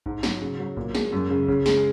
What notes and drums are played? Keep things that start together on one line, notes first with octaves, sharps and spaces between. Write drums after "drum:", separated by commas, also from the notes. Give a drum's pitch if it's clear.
G#2, drum: kick A#1
F#3, drum: snare
C#3
F#3
A#2, drum: kick A#1
G#3, drum: snare
F#2
C#3
C#3, drum: kick A#1
G#3, drum: snare